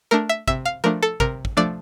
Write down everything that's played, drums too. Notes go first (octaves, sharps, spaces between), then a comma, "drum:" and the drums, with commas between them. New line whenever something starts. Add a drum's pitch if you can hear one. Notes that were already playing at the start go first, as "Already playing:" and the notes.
A3 D4 A#4
E5
C3 E5, drum: kick
F5
F3 A3 D4 A#4
A4
C3 A#4, drum: kick
drum: kick
F3 A3 D4 D5